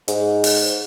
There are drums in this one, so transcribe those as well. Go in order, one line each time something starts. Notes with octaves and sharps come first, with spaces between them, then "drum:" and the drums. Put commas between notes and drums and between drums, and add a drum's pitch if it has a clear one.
G#2, drum: hi-hat
drum: open hi-hat